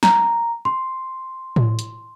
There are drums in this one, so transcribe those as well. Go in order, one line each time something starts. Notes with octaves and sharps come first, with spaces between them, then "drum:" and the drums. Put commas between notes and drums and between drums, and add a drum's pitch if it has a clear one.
A#5, drum: snare
C6
drum: tom A2
drum: hi-hat